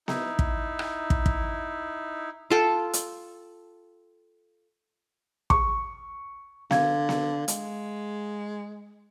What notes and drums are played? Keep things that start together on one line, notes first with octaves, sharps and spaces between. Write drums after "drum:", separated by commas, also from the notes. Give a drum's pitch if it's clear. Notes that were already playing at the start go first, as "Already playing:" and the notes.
D#4 E4, drum: snare B3
drum: kick
drum: rim click
drum: kick
drum: kick
F4 A4 G5
drum: hi-hat
C#6, drum: kick
D3 F5 G#6, drum: snare B3
drum: snare B3
G#3, drum: hi-hat